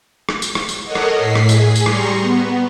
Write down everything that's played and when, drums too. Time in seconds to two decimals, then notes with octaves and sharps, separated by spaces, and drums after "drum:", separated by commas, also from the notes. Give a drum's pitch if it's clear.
0.29 drum: rim click
0.42 drum: tambourine
0.55 drum: rim click
0.69 drum: tambourine
0.84 A4 A#4 C#5 D#5 F#5
0.95 drum: rim click
1.15 A2 B6 C7
1.36 drum: rim click
1.49 G#4, drum: tambourine
1.76 drum: tambourine
1.86 G3 A#5 C6 C#6, drum: rim click
2.22 B3